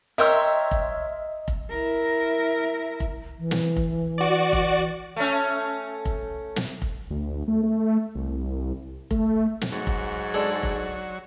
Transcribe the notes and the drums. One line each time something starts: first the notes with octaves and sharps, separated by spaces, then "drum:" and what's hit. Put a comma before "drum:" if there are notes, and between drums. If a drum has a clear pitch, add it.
A#4 C#5 D#5 E5 G5 C6 E6
drum: kick F1
drum: kick F1
E4 A#4
drum: kick F1
E3
drum: snare
drum: kick F1
F#4 D5
drum: kick F1
A3 C#4
drum: kick F1
drum: snare
drum: kick F1
D2
A3
A3
C2
A3, drum: kick F1
drum: snare
G#2 F#3 C#6
drum: kick F1
G#3 D4 A4
drum: kick F1